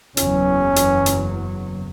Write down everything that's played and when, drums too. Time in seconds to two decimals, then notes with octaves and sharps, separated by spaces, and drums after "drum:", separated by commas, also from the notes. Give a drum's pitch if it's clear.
0.17 F#1 E2 F#3 C#4, drum: hi-hat
0.76 drum: hi-hat
1.06 drum: hi-hat